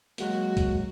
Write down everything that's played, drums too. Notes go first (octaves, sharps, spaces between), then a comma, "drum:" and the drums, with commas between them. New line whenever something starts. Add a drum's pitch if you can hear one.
F#3 G#3 A#3 F#4, drum: hi-hat
drum: kick, hi-hat